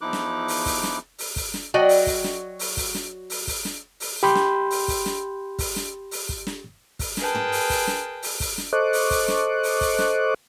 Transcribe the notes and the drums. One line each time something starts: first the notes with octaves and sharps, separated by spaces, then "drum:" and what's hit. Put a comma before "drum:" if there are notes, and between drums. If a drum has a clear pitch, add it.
E2 F3 D#4 E4 D6 F#6
drum: snare
drum: open hi-hat
drum: kick, open hi-hat
drum: snare
drum: open hi-hat
drum: kick, open hi-hat
drum: snare
F#3 F#4 D5 D#5 G5
drum: open hi-hat
drum: kick, open hi-hat
drum: snare
drum: open hi-hat
drum: kick, open hi-hat
drum: snare
drum: open hi-hat
drum: kick, open hi-hat
drum: snare
drum: open hi-hat
G4 B5 C6 G6
drum: snare
drum: open hi-hat
drum: kick, open hi-hat
drum: snare
drum: kick, open hi-hat
drum: snare
drum: open hi-hat
drum: kick
drum: snare
drum: kick, open hi-hat
G#4 A#4 B4 G5 A5, drum: snare
drum: tom
drum: open hi-hat
drum: kick, open hi-hat
drum: snare
drum: open hi-hat
drum: kick, open hi-hat
drum: snare
A4 C5 D#5 C#6 D6 F#6
drum: open hi-hat
drum: kick, open hi-hat
drum: snare
drum: open hi-hat
drum: kick, open hi-hat
drum: snare